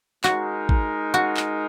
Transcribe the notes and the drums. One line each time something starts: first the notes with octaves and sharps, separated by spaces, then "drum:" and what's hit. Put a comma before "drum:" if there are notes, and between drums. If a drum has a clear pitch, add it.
G#3 D#4 F#4 A#4, drum: clap
drum: kick
F#4
drum: clap